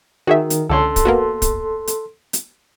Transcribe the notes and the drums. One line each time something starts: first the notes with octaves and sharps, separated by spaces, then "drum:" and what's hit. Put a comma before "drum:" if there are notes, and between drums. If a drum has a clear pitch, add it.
D#3 F#4 G#4 E5
drum: hi-hat
C#2 D3 C#4 A4 C6
drum: kick, hi-hat
A#3 B3 F#4
drum: kick, hi-hat
drum: hi-hat
drum: hi-hat